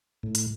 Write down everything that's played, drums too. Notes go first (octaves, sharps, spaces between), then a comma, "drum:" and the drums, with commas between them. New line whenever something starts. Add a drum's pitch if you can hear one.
A2
drum: hi-hat